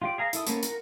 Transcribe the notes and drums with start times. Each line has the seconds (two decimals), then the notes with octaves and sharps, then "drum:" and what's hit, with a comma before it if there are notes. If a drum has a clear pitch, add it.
0.02 F4 G4 D5
0.18 G#4 F5 A#5
0.33 E4 A4 D#6, drum: hi-hat
0.47 A#3 B3 C#4 A4, drum: hi-hat
0.63 A#4 F#5, drum: hi-hat